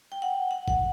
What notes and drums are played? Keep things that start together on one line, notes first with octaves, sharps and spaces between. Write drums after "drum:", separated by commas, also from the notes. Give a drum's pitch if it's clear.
G5
F#5
F#5
F#5, drum: kick G#1